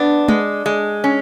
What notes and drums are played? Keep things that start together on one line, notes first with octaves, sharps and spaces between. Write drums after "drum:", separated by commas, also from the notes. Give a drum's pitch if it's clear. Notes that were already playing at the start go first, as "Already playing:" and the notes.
Already playing: B3 D4
G#3, drum: tom G#3
G#3
C#4